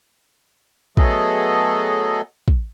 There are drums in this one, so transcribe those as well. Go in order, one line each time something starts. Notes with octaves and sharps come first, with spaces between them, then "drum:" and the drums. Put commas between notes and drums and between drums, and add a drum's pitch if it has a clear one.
F#3 A3 B3 G#4 A4 D#5, drum: kick
drum: kick